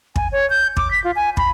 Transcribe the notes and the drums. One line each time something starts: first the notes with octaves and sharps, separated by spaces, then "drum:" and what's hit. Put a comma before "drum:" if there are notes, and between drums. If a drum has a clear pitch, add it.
G#5, drum: kick
C#5
G6
D6, drum: kick
B6
F4
G#5
B5, drum: kick